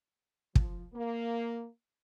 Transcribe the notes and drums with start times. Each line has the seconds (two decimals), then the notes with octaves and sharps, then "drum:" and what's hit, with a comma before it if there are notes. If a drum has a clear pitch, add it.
0.55 F3, drum: kick
0.94 A#3